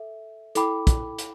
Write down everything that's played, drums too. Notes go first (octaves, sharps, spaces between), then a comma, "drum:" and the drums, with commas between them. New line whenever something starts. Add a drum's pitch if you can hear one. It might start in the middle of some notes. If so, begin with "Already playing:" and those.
Already playing: A4 E5
E4 A4 G5 B5 D6, drum: hi-hat
drum: kick, hi-hat
drum: hi-hat